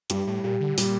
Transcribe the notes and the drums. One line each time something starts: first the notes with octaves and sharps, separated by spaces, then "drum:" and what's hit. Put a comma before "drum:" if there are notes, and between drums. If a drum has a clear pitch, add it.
G2 G3, drum: hi-hat
A2
A#2 G4
D3
A#2 G3, drum: open hi-hat